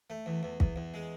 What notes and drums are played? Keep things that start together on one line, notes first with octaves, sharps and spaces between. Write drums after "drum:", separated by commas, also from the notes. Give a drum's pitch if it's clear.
A3
E2
E2
E2, drum: kick
E2
G#3